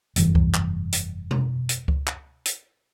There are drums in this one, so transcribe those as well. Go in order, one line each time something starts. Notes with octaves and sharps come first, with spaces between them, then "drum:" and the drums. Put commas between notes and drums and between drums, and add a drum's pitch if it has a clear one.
F1 G2 E3, drum: hi-hat
drum: kick C#2
drum: clap
drum: hi-hat
drum: tom B2
drum: hi-hat
drum: kick C#2
drum: clap
drum: hi-hat